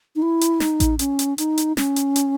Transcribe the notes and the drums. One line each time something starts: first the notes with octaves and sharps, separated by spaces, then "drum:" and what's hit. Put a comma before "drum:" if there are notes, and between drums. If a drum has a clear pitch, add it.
D#4
E4
drum: hi-hat
D#4, drum: snare
drum: kick A1, hi-hat
C#4, drum: hi-hat
drum: hi-hat
D#4, drum: hi-hat
drum: hi-hat
C#4, drum: snare
drum: hi-hat
drum: hi-hat